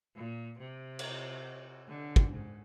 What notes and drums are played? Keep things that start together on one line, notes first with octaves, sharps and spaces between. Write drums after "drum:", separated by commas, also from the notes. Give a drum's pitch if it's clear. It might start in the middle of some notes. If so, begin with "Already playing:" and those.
A#2
C3
drum: cymbal
D3
drum: kick
G#2